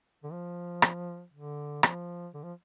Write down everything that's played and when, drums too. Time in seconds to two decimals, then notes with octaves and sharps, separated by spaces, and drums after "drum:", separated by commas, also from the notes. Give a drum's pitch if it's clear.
0.24 D3
0.32 F3
0.82 drum: rim click
1.33 D3
1.83 F3, drum: rim click
2.34 D3
2.44 F3